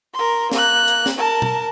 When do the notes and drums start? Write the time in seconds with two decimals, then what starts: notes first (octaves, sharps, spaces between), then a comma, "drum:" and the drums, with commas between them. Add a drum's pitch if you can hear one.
0.14 A#4 C6
0.52 A#3 F#6, drum: snare
0.88 drum: hi-hat
1.06 drum: snare
1.18 A#4 A5
1.42 drum: tom